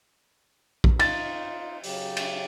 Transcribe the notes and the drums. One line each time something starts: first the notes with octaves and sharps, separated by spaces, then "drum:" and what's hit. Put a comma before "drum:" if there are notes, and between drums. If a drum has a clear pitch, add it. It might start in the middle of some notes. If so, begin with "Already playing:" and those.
drum: kick A#1
D#4 F4 A6, drum: cymbal
C#3 F#3 G4, drum: open hi-hat
drum: cymbal